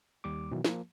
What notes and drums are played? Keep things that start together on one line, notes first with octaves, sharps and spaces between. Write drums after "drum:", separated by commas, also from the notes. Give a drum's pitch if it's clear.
D#2 G3 D6
B2 D#3 E3 F#3
F3 A#3, drum: snare